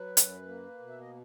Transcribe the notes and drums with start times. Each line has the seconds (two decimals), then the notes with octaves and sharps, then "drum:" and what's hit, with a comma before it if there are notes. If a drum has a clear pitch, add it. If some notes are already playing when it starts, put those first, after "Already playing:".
Already playing: F#3 B4
0.17 F#2, drum: hi-hat
0.48 A#3
0.79 B2
0.88 E5
1.00 D#5